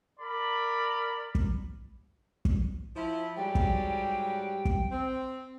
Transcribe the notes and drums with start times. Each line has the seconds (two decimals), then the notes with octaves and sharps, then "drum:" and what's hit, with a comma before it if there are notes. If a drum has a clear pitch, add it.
0.19 A#4 D5 B5
1.35 drum: kick
2.45 drum: kick
2.95 F3 E4
3.37 G#2 F#3 G3 G5
3.55 drum: kick
4.65 drum: kick
4.91 C4